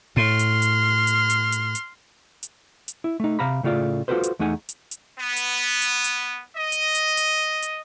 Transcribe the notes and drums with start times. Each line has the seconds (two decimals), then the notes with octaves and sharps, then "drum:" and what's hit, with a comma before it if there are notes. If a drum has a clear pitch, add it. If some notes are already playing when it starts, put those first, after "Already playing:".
0.17 A2 C6 F6
0.39 drum: hi-hat
0.62 drum: hi-hat
1.07 drum: hi-hat
1.30 drum: hi-hat
1.52 drum: hi-hat
1.75 drum: hi-hat
2.43 drum: hi-hat
2.88 drum: hi-hat
3.04 E4
3.20 A3 D#4
3.39 C3 F5 A#5 B5
3.63 A2 C#3 A3 F4 D5 F5
4.08 F4 F#4 G#4 A4 B4 C5
4.23 drum: hi-hat
4.39 E2 A3 D#4 F#5 G#5
4.69 drum: hi-hat
4.91 drum: hi-hat
5.18 B3
5.36 drum: hi-hat
5.82 drum: hi-hat
6.04 drum: hi-hat
6.55 D#5
6.72 drum: hi-hat
6.95 drum: hi-hat
7.17 drum: hi-hat
7.62 drum: hi-hat